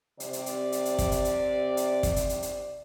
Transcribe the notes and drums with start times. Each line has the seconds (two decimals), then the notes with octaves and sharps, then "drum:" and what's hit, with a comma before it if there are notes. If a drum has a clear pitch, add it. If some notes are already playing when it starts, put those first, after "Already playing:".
0.20 C3 D5, drum: hi-hat
0.33 drum: hi-hat
0.46 drum: hi-hat
0.72 drum: hi-hat
0.85 drum: hi-hat
0.98 drum: kick, hi-hat
1.12 drum: hi-hat
1.25 drum: hi-hat
1.77 drum: hi-hat
2.03 drum: kick, hi-hat
2.16 drum: hi-hat
2.29 drum: hi-hat
2.42 drum: hi-hat